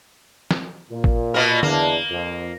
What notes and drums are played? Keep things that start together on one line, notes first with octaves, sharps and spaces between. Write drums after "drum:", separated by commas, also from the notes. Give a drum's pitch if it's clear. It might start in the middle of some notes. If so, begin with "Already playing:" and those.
drum: snare
A#2
drum: kick A1
B2 A#3 A#4
E2 A#3 D4, drum: tom D3
F2